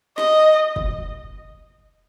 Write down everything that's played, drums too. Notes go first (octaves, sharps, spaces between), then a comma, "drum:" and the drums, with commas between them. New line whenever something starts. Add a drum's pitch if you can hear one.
D#5, drum: snare
drum: kick